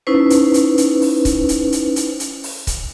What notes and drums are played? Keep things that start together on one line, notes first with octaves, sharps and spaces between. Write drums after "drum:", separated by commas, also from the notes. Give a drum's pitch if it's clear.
C#4 D#4 E4 B4 C5
drum: hi-hat
drum: hi-hat
drum: hi-hat
drum: open hi-hat
drum: kick C#1, hi-hat
drum: hi-hat
drum: hi-hat
drum: hi-hat
drum: hi-hat
drum: open hi-hat
drum: kick C#1, hi-hat